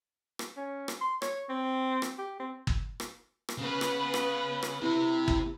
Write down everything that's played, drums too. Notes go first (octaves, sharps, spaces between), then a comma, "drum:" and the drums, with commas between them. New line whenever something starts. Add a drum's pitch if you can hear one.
drum: rim click
C#4
drum: rim click
C6
C#5, drum: rim click
C4
drum: rim click
G4
C4
drum: kick
drum: rim click
drum: rim click
C#3 B3 B4
drum: rim click
drum: rim click
drum: rim click
C3 E4
drum: kick